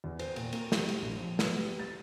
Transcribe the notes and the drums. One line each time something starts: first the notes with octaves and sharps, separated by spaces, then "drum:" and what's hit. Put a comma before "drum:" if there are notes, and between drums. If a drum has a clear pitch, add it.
E2
C5, drum: cymbal
A#2, drum: cymbal
A#3, drum: cymbal
G3, drum: snare
drum: cymbal
A#1
F3
B4, drum: snare
G3
A6